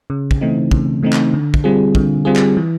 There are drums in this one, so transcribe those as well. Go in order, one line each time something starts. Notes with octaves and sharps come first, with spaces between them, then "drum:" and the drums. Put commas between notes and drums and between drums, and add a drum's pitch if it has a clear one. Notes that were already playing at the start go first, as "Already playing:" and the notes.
C#3
drum: kick
E3 A3 C4 D#4
C#3, drum: kick
E3 A3 C4 D#4
drum: clap
D3
drum: kick
G3 C4 F4 G#4
D3, drum: kick
G3 C4 F4 G#4
drum: clap
E3